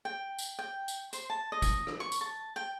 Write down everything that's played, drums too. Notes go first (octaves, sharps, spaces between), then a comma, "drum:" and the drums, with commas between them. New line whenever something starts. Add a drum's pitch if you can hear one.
G5
drum: tambourine
G5
drum: tambourine
C5, drum: tambourine
A5
D#5
drum: kick, tambourine
drum: rim click
C#6
drum: tambourine
A5
G5